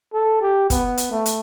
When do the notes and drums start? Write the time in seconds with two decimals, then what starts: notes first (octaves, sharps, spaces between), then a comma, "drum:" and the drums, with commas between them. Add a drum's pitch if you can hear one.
0.14 A4
0.42 G4
0.70 B3, drum: kick, hi-hat
0.97 drum: hi-hat
1.11 A3
1.26 drum: hi-hat